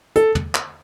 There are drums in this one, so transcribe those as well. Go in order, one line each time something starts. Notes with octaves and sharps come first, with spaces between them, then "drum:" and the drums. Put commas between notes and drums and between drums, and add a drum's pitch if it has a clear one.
A4, drum: hi-hat
drum: tom
drum: clap